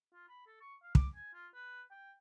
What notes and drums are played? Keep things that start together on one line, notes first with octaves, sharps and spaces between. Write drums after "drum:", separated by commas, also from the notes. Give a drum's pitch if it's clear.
F4
B5
A4
C#6
F5
D6, drum: kick
G#5
F4
B4
G5